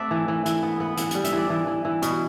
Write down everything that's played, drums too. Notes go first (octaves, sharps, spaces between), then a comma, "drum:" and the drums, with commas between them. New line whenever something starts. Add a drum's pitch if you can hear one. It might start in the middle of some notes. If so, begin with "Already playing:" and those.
Already playing: A3 C4 D5 E5 F#5
E3
E3
E3, drum: hi-hat
B3
B3
E3 F#5, drum: hi-hat
G3 F#5, drum: hi-hat
E5, drum: hi-hat
E3 D5
E3
E3
E3
B2, drum: hi-hat